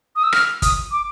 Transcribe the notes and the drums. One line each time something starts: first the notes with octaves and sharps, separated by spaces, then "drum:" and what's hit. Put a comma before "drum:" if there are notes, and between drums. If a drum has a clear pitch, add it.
D#6
E6
F6, drum: rim click
D#6, drum: kick, hi-hat
D6